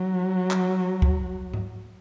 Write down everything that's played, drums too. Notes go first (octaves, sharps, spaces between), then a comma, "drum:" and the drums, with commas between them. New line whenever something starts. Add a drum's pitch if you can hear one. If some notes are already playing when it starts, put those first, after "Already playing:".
Already playing: F#3
drum: clap
drum: kick
drum: tom